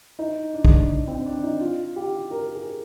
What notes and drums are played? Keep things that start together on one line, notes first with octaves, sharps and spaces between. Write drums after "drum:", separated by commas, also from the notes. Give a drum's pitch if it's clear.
D#4
D4
drum: kick B1
D4
C4
D4
D#4
F4
G4
A#4
G#4